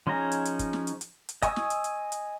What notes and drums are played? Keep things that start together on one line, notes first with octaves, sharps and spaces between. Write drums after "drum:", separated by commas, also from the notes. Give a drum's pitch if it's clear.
F3 C#4 D#4 G#4 A#5
drum: hi-hat
drum: hi-hat
drum: kick, hi-hat
drum: snare
drum: hi-hat
drum: hi-hat
drum: hi-hat
D#5 G#5 C#6 D#6 E6, drum: kick, hi-hat
drum: snare
drum: hi-hat
drum: hi-hat
drum: hi-hat